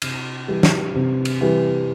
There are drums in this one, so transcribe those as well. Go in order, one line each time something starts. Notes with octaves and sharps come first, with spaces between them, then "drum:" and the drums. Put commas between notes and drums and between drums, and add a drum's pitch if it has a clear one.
C3, drum: cymbal
E3 G3
drum: snare
C3
drum: cymbal
E3 G3